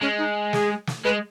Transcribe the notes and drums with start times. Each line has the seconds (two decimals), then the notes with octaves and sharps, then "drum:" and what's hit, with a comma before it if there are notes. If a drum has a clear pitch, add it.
0.01 G#3 C#4
0.18 D#4
0.53 G#4, drum: snare
0.87 drum: snare
1.05 G#3 B4